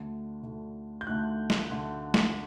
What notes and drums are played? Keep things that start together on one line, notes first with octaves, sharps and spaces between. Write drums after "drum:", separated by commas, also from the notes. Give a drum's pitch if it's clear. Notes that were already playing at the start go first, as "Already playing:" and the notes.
Already playing: D2 D3 A3
D2 D3 A3
G6
D2 D3 A3 F#6
drum: snare
D2 D3 A3
drum: snare